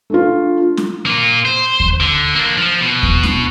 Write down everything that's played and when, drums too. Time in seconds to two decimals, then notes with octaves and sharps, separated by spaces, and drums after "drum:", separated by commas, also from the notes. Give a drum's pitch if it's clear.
0.10 A3 D4 F4
0.77 drum: snare
1.06 A#3 F4
1.45 C5
1.80 drum: kick D#2
2.00 D3
2.35 A#3 D4
2.58 F3
2.80 B2
3.03 drum: kick D#2
3.23 drum: snare